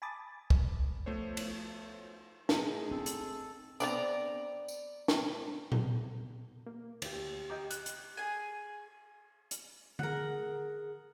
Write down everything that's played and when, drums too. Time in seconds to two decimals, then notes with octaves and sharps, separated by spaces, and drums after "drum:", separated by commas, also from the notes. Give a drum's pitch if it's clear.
0.02 G#5 A5 B5 D6 D#6 A6
0.50 drum: kick
1.06 F3 A3 B3 C5 C#5
1.37 drum: cymbal
2.49 A2 D#4 G#4 G#5, drum: snare
2.91 C4 A4
3.06 drum: hi-hat
3.80 B3 C4 D4 D5 A#5, drum: tambourine
4.68 drum: tambourine
5.08 drum: snare
5.72 drum: tom A#2
6.66 A#3
7.02 D2 G4, drum: cymbal
7.50 G4 D#5 G5 A#5 D6
7.71 F#6, drum: hi-hat
7.86 drum: hi-hat
8.17 G#4 G#5
9.51 drum: hi-hat
9.99 G#4 A#4 F#5, drum: tom D3